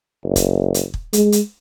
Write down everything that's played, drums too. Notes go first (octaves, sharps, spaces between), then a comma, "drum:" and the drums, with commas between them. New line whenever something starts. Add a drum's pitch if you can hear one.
F#1
drum: kick, hi-hat
drum: hi-hat
drum: kick
G#3, drum: hi-hat
drum: hi-hat